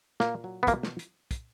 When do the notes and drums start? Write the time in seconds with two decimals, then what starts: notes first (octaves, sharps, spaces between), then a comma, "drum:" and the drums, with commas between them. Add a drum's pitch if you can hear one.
0.20 A#2 A#3, drum: snare
0.44 F#3
0.63 B3
0.67 B2 A#3, drum: kick, hi-hat
0.83 drum: snare
0.99 drum: hi-hat
1.31 drum: kick, hi-hat